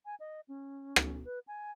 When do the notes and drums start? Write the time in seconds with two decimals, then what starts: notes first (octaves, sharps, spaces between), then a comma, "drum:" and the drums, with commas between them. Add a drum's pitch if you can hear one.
0.06 G#5
0.20 D#5
0.48 C#4
0.96 drum: rim click
1.25 B4
1.48 G#5